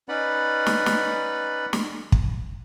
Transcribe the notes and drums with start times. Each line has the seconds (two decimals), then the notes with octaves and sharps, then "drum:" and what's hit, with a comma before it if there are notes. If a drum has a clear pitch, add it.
0.09 C#4 D#4 B4 D5 F#5 B5
0.66 drum: snare
0.86 drum: snare
1.73 drum: snare
2.12 drum: kick